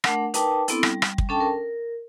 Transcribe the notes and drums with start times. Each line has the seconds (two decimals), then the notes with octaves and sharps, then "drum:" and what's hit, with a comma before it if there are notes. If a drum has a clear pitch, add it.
0.04 A3 D4 A#4 F#5, drum: rim click
0.34 D#4 A#4 B4 G5 A5 D6, drum: hi-hat
0.68 B3 C4 D4 E4 A4, drum: hi-hat
0.83 G3, drum: rim click
1.02 drum: rim click
1.18 drum: kick
1.29 C#4 D4 A4 G5 A5
1.40 A#4